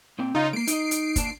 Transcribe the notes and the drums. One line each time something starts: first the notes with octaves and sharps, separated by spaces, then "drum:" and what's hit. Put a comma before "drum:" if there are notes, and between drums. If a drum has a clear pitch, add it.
A#2 C4 G5
C#3 D#4 F4
G#3 A#3 C7 D7
D#4 D#5, drum: hi-hat
drum: hi-hat
A#2 D4 A5, drum: kick, hi-hat